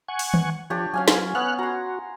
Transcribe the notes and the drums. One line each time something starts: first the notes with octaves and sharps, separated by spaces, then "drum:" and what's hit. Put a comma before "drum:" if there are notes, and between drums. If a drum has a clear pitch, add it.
F#5 G#5 C#6
drum: open hi-hat
drum: tom D#3
F3 D4 G4 C#5
F#3 C#4 F5 G#5
drum: snare
B3 C#4 F#5 F6 F#6
F#4 A#5 C6